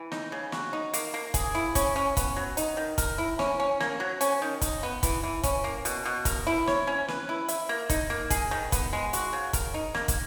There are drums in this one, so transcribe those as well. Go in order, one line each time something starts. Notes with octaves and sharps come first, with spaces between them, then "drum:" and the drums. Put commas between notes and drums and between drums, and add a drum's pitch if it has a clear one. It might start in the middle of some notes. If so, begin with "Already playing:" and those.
Already playing: E3
D#4, drum: snare
C#3
F#4, drum: snare
D#4
A#3, drum: hi-hat
A#3
G#4, drum: kick, hi-hat
E4
C#4, drum: kick, hi-hat
C#4
B3, drum: kick, hi-hat
F#3
D#4, drum: hi-hat
D#3
A#4, drum: kick, hi-hat
E4
C#4, drum: snare
C#4
A#3, drum: snare
F#3
C#4, drum: hi-hat
D#3
D#4, drum: kick, hi-hat
B3
E3, drum: kick, hi-hat
E3
C#4, drum: kick, hi-hat
A#3
B2, drum: hi-hat
B2
A#4, drum: kick, hi-hat
E4
C#5, drum: snare
C#4
B4, drum: snare
E4
E5, drum: hi-hat
A#3
D#4, drum: kick, hi-hat
A#3
G#4, drum: kick, hi-hat
D#3
B3, drum: kick, hi-hat
G#3
F#4, drum: hi-hat
C#3
A#4, drum: kick, hi-hat
D#4
A#3, drum: snare
drum: kick, hi-hat